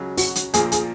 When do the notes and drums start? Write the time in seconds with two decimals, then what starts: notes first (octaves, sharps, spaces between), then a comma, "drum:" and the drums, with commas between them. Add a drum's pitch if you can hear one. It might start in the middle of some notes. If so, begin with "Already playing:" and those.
Already playing: C#2 C#3 F#3
0.17 F#4, drum: open hi-hat
0.36 drum: hi-hat
0.54 A#1 A#2 F3 A#3 G#4, drum: hi-hat
0.72 G#4, drum: hi-hat